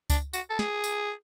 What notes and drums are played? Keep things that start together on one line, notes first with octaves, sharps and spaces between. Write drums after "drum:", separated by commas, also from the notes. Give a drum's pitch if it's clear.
D4, drum: kick C#2, tambourine
F#4, drum: tambourine
A4
G#4, drum: snare
drum: tambourine